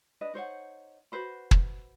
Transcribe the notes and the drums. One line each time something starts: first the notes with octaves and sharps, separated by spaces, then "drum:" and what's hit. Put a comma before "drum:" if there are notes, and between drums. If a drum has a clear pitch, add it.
D4 B4 D#5
D#4 C5 C#5 F#5
F#4 B4 C5 B5
drum: kick